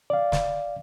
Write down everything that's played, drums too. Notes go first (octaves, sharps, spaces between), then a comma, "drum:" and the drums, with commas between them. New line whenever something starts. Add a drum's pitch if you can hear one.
D5 F5
drum: snare